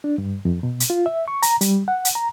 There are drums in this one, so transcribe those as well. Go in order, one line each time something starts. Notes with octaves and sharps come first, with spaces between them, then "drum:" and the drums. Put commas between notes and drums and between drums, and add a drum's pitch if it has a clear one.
D4
G2
F2
B2
drum: hi-hat
F4
E5
C#6
A#5, drum: hi-hat
G3, drum: hi-hat
F#5
drum: hi-hat
A#5